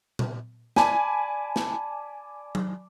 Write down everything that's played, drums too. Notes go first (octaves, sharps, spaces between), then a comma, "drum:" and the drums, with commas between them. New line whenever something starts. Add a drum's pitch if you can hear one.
drum: tom A#2
D5 G#5 A5 B5, drum: snare
drum: snare
drum: tom F#3